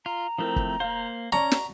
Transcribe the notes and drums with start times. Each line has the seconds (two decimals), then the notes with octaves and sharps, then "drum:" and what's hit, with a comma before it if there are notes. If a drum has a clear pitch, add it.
0.06 F4 A#5
0.38 F3 A3 C4 E4 A#4
0.56 drum: kick
0.80 A#3 C5 F5
1.32 C#4 D5 A5 A#5 C#6
1.52 drum: snare